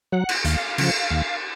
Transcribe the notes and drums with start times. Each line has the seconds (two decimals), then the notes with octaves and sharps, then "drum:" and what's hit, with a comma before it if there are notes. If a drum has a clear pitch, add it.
0.12 F#3 F#5
0.29 drum: cymbal
0.45 D#2 F5, drum: hi-hat
0.78 C#3 F3, drum: cymbal
1.10 D#2